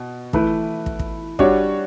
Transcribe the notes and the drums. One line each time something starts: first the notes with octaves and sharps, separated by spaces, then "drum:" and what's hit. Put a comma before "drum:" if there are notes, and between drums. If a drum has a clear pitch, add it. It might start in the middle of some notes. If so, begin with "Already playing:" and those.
Already playing: B2
E3 A3 E4 B4, drum: kick
drum: kick
drum: kick
G3 D4 F#4 C#5, drum: kick